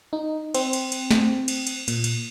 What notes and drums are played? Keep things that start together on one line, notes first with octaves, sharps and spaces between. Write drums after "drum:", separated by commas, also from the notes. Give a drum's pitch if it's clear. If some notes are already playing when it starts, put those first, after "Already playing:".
D#4
C4, drum: cymbal
drum: cymbal
drum: cymbal
drum: snare
drum: cymbal
drum: cymbal
A#2, drum: cymbal
drum: cymbal